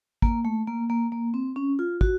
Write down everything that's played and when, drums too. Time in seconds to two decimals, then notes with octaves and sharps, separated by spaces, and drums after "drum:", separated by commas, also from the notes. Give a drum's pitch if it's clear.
0.22 A#3, drum: kick
0.45 A3
0.67 A#3
0.90 A#3
1.12 A#3
1.34 C4
1.56 C#4
1.79 F4
2.01 F#4, drum: kick